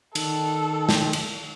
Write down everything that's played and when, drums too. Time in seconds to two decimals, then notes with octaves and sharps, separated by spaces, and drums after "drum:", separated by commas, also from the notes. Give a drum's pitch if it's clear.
0.15 D#3 A4, drum: cymbal
0.89 drum: snare
1.13 drum: cymbal